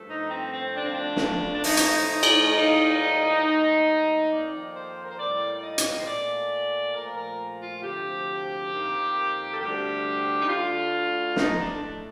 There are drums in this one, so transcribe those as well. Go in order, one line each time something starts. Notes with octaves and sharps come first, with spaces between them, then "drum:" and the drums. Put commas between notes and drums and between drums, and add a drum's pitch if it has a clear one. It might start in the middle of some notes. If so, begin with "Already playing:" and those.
Already playing: G2 F3 A3
D#4
C4
C4
F2 D3 A3 D4
C4
D4
drum: snare
D4
A2 F3 A3 D#4, drum: open hi-hat
drum: hi-hat
D#4
drum: cymbal
A2 G3 A#3 D#4
D#2 D#3 A3
F2 D#3 A#3 D5
C5
A#4
C5
A2 G3 A#3 D5
D5
D#5
drum: hi-hat
C5
A#2 A3 D5
A#2 F3 A3 A#4
A#4
F4
D2 C3 F3 G4
F2 D#3 A#3
A4
D2 C3 G3 G4
D#4
D2 D3 A3 F4
A2 A3 D#4, drum: snare
D4
D4